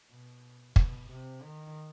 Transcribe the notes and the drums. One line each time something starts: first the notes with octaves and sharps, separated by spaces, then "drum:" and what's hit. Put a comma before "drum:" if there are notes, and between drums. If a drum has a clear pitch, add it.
B2
B2, drum: kick
C3
D#3